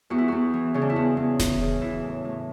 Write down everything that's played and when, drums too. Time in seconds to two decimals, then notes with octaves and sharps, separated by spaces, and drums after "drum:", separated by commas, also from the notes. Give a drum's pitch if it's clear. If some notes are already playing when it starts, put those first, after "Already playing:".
0.10 E2 F#4
0.18 E4
0.28 E2 F#4
0.53 E3
0.74 C#3 C#4
0.82 D4
0.90 E4
0.96 E2 F#4
1.17 E2
1.40 E3, drum: snare E1
1.61 C#3
1.81 E3 E4
2.03 A2
2.25 A2